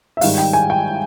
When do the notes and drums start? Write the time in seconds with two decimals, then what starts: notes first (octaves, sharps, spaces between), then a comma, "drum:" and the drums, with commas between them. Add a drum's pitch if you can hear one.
0.17 E5
0.21 G#2 D#3 G3 F5, drum: open hi-hat
0.38 G5
0.53 G#5
0.70 G5